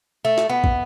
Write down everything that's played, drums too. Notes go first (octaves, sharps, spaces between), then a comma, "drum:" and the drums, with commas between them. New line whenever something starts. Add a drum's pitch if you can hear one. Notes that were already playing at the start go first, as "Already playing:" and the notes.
A3
drum: snare
B3
drum: kick